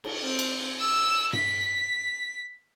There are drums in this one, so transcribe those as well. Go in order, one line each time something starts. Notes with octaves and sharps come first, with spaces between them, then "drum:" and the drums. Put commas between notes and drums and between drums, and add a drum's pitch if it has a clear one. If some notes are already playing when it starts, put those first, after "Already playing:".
drum: cymbal
C4
drum: cymbal
E6
B6, drum: tom G2